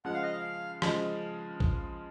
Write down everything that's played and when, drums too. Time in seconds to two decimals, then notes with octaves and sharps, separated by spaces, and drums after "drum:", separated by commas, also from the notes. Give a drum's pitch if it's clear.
0.05 C#3 F3 G#3 F#5
0.14 F5
0.23 D#5
0.32 F5
0.82 C#3 F3 G#3, drum: rim click
1.60 drum: kick